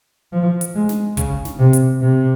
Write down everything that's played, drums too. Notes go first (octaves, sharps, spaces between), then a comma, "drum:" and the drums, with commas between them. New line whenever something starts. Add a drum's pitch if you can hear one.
F3
drum: hi-hat
G#3
drum: snare
C#3, drum: kick, hi-hat
drum: snare
C3
drum: hi-hat
C3